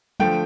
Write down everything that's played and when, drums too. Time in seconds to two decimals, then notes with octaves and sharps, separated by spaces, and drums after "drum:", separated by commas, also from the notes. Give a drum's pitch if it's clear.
0.20 D3 F3 A3 G5, drum: tom